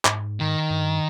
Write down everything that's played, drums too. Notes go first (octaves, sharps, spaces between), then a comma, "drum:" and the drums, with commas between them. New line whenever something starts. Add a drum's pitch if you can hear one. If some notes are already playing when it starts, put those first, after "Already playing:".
G#2, drum: clap
D#3
G2